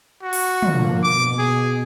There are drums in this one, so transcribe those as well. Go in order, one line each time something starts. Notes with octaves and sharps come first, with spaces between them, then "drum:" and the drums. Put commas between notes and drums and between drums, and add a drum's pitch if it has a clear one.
F#4 C#6
drum: open hi-hat
D3 F3 A#3, drum: tom
B2 D6
G#4